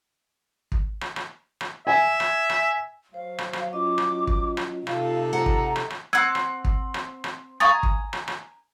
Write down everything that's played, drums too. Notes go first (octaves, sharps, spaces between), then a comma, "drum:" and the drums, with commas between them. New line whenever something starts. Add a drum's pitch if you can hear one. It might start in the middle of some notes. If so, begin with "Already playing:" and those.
drum: kick
drum: rim click
drum: rim click
drum: rim click
E5 G#5
drum: rim click
drum: rim click
F#3 C5 F5
drum: rim click
drum: rim click
C#4 F4 D#5 D6
drum: rim click
drum: kick
drum: rim click
C3 D#4 F4 A4 F5, drum: rim click
F#5 A#5
drum: kick
drum: rim click
drum: rim click
C4 F#5 E6 G#6
drum: rim click
drum: kick
drum: rim click
drum: rim click
F5 G#5 A#5 C#6 D#6 A6
drum: kick
drum: rim click
drum: rim click